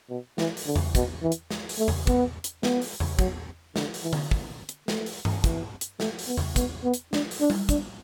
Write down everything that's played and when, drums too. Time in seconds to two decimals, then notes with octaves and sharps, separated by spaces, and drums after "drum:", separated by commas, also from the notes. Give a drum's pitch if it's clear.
0.10 B2
0.38 E3, drum: snare
0.57 drum: open hi-hat
0.66 D3
0.76 drum: tom E2
0.95 B2, drum: kick, hi-hat
1.23 E3
1.32 drum: hi-hat
1.51 drum: snare
1.69 drum: open hi-hat
1.78 A3
1.88 drum: tom E2
2.07 B3, drum: kick, hi-hat
2.44 drum: hi-hat
2.63 B3, drum: snare
2.82 drum: open hi-hat
3.00 drum: tom E2
3.19 F#3, drum: kick, hi-hat
3.76 D3, drum: snare
3.94 drum: open hi-hat
4.03 E3
4.13 drum: tom D3
4.31 drum: kick
4.69 drum: hi-hat
4.88 A3, drum: snare
5.06 drum: open hi-hat
5.25 drum: tom G2
5.44 E3, drum: kick, hi-hat
5.81 drum: hi-hat
6.00 A3, drum: snare
6.19 drum: open hi-hat
6.28 B3
6.37 drum: tom E2
6.56 B3, drum: kick, hi-hat
6.84 B3
6.94 drum: hi-hat
7.13 D4, drum: snare
7.31 drum: open hi-hat
7.41 D4
7.50 drum: tom G3
7.69 D4, drum: kick, hi-hat